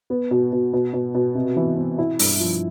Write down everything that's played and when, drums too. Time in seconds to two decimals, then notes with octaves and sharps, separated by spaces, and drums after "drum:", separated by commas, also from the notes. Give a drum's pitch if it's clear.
0.10 B3
0.31 B2
0.52 B2
0.73 B2
0.93 B2
1.14 B2
1.35 C3
1.57 E3
1.77 C4
1.98 E4
2.19 G2, drum: open hi-hat
2.40 F3